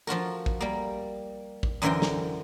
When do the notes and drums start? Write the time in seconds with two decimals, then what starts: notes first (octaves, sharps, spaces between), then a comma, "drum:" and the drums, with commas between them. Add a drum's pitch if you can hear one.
0.07 F3 F4 F#4 A#4
0.46 drum: kick A1
0.61 G3 A#3
1.63 drum: kick A1
1.82 F#2 D3 E3 A#4 C5 G5
2.02 drum: snare